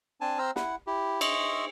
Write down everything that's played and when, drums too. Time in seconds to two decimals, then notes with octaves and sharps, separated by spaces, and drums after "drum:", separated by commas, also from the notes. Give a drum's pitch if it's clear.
0.21 C4 D4 G#5 A5
0.38 C4 C5 A#5 E6 F6
0.56 E4 F#5, drum: snare
0.87 E4 G4
1.21 D#5 E5 C6 C#6 E6, drum: cymbal